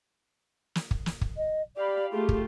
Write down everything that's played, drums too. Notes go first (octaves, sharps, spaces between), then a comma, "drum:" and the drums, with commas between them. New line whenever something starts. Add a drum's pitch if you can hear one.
drum: snare
drum: kick
drum: snare
drum: kick
D#5
G4 D5 F5 B5
A3 F4 G4 G#4
drum: kick